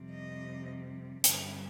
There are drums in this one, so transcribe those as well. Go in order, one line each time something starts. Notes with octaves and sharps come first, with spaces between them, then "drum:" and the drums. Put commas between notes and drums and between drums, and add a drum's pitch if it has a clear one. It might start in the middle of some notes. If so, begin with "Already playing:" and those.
Already playing: F2 C3 G3
D#5
G2 D3 G3, drum: hi-hat